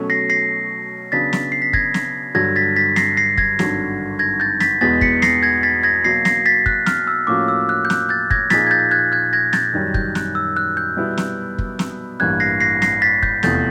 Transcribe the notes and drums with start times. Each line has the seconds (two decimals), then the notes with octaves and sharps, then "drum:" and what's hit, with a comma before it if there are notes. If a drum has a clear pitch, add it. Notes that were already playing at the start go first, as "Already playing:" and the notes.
Already playing: B2 F#3 A3 C#4
0.10 A#6 C7
0.30 A#6 C7
1.12 C#3 F#3 B3 D4 A6 B6
1.33 drum: snare
1.52 C7
1.62 B6
1.73 G#6 A#6, drum: kick
1.94 drum: snare
2.35 G2 D3 F#3 G#6 A#6
2.56 A6 B6
2.76 A6 B6
2.96 A#6 C7, drum: snare
3.17 A#6 C7
3.38 G#6 A#6, drum: kick
3.59 G#1 G2 D3 F#3, drum: snare
4.19 G#6 A#6
4.40 G6 A6
4.60 A6 B6, drum: snare
4.81 E2 B2 G#3 B3 A6 B6
5.01 B6 C#7, drum: kick
5.22 A#6 C7, drum: snare
5.43 G#6 A#6
5.63 A6 B6
5.83 G#6 A#6
6.05 B2 F#3 A#3 A#6 C7
6.25 A#6 C7, drum: snare
6.46 A6 B6
6.66 F#6, drum: kick
6.86 F6, drum: snare
7.07 E6
7.27 A2 F3 A#3 C#4 F#4 D6
7.48 E6
7.69 F#6
7.85 G6
7.90 F#6, drum: snare
8.09 G6 A6
8.31 G#6 A#6, drum: kick
8.50 A#2 F3 A#3 D#4 G#4 A6 B6, drum: snare
8.67 G#6
8.71 G6 A6
8.91 F#6 G#6
9.12 F#6 G#6
9.33 G#6 A#6
9.53 G6 A6, drum: snare
9.73 F#2 D#3 G3
9.94 G6, drum: kick
10.15 F#6, drum: snare
10.35 E6
10.57 F#6
10.77 G6
10.96 B2 G3 B3 E4
11.17 drum: snare
11.59 drum: kick
11.79 drum: snare
12.20 A1 G2 E3 G3 A#3 F#6 G#6
12.40 A#6 C7
12.61 A#6 C7
12.82 A#6 C7, drum: snare
13.02 A6 B6
13.23 G6, drum: kick
13.43 F1 E2 C3 F3 A3 G6 A6, drum: snare